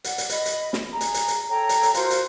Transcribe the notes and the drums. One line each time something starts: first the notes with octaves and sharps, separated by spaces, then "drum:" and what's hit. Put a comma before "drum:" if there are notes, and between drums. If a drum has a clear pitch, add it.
D5 F#5, drum: hi-hat
drum: hi-hat
D#5 B5, drum: hi-hat
drum: hi-hat
drum: snare
G#4 A#5
drum: hi-hat
drum: hi-hat
drum: hi-hat
A4 C#5 G5 A#5
drum: hi-hat
drum: hi-hat
F4 F#4 A#4 C5, drum: hi-hat
drum: hi-hat